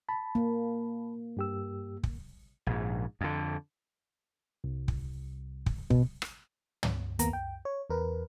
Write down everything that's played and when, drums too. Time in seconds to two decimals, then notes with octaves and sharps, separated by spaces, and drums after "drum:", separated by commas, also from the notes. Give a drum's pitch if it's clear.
0.09 A5 B5
0.35 A#3
1.37 G2 G4 E6
2.03 drum: kick
2.66 A#1 G#2
3.21 F2 D3
4.64 C2
4.88 drum: kick
5.66 drum: kick
5.90 B2, drum: kick
6.22 drum: rim click
6.83 drum: tom
7.19 D#2 A#3 B3 A#5, drum: hi-hat
7.33 G5
7.65 C#5
7.90 E2 A#4 B4